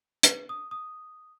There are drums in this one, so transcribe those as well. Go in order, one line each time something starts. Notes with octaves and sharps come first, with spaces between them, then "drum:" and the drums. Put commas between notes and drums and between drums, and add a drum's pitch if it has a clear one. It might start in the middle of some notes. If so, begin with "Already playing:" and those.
B4, drum: hi-hat
D#6
D#6